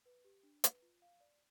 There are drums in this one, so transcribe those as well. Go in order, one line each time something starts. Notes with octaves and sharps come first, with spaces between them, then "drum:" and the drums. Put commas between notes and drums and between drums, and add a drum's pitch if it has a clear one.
B4
G4
D4
B4, drum: hi-hat
F4
F5
D5